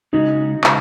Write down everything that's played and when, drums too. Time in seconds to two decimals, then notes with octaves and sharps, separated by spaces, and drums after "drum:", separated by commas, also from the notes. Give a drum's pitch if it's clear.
0.13 C#3 G#3 C#4 D#4 F#4
0.64 C#3 G#3 C#4 F#4, drum: clap